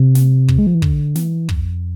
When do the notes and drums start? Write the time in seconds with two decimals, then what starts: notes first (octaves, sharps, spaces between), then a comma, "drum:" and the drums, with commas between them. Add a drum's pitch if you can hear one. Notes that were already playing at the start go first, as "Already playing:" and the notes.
Already playing: C3
0.15 drum: snare
0.48 drum: kick
0.59 G#3
0.67 F3
0.75 E3
0.82 D3, drum: kick
1.15 E3, drum: snare
1.49 F2, drum: kick